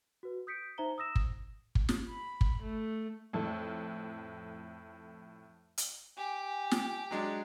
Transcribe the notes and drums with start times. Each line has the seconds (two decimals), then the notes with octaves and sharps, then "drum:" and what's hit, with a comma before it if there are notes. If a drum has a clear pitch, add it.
0.23 F#4 B4
0.47 D#6 G6 B6 C#7 D7
0.78 D#4 C5 E5 A#5 G7
0.98 D#6 E6 A#6 E7
1.16 drum: kick
1.75 drum: kick
1.89 drum: snare
2.09 B5
2.41 drum: kick
2.62 A3
3.33 F2 A2 A4
5.78 drum: hi-hat
6.17 G4 G#5
6.71 drum: snare
7.11 F#3 G#3 D4